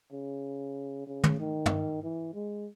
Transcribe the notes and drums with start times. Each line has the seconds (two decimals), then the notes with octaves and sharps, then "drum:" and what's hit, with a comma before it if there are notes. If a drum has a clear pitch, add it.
0.12 C#3
1.07 C#3
1.24 drum: tom
1.40 D#3
1.66 drum: tom
2.03 E3
2.34 G#3